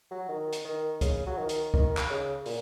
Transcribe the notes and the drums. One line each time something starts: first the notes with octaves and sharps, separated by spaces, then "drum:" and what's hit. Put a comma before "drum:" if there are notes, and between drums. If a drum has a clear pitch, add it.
F#3
D#3
drum: hi-hat
D#3
C#3, drum: kick, hi-hat
F#3
D#3
drum: hi-hat
D#3, drum: kick
drum: clap
C#3
A#2, drum: open hi-hat